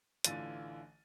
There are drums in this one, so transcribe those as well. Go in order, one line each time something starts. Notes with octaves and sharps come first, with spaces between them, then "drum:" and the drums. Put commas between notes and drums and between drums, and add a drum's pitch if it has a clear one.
A1 D3 E3 F4 A6 D#7, drum: hi-hat